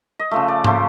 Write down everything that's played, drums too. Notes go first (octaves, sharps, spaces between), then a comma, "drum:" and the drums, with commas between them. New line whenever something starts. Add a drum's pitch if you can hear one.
D#5
C#3 F3 A3 E5
D5
C#3 F3 A3 C5, drum: tom G#2